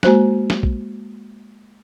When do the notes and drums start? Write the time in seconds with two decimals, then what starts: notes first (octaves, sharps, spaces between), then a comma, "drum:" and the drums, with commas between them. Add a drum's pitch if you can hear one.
0.03 G#3 A#3 F#4 C5 F#6, drum: snare
0.50 drum: snare
0.63 drum: kick B1